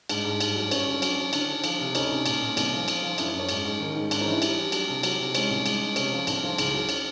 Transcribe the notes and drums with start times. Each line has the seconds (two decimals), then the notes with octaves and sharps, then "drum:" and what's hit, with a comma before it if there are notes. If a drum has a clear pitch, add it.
0.09 G#2 D4, drum: cymbal
0.25 G#2
0.41 G2, drum: cymbal
0.55 F#3
0.71 G2 C#4, drum: cymbal
0.86 D3
1.02 F#3, drum: cymbal
1.17 F#3
1.33 D3 D4, drum: cymbal
1.49 D3
1.64 F3, drum: cymbal
1.79 C3
1.95 D2 C#4 D#4, drum: cymbal
2.10 C3
2.26 A#2, drum: cymbal
2.41 A#2
2.57 C2, drum: cymbal
2.71 F3
2.88 F3, drum: cymbal
3.03 F3
3.18 F#2 D4 E4, drum: cymbal
3.34 F#2
3.39 C#4
3.49 G#2, drum: cymbal
3.65 G#2
3.80 D#3
3.95 G#2
4.11 G#2 D4, drum: cymbal
4.21 E3 C#4 D#4
4.32 D4 E4
4.42 G3, drum: cymbal
4.58 G3
4.72 F#3 D4, drum: cymbal
4.88 C3
5.03 F#3, drum: cymbal
5.19 C3
5.35 G#3 C#4, drum: cymbal
5.50 C2
5.66 G#3, drum: cymbal
5.81 G#3
5.96 C3 C#4, drum: cymbal
6.12 F3
6.27 C2 D4, drum: cymbal
6.43 F3
6.58 C#2, drum: cymbal
6.73 F#3
6.89 C#4, drum: cymbal